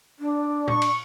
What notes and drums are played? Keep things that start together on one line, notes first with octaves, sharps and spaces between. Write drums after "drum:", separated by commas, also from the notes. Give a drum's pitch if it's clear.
D4
C#6, drum: tom
drum: cymbal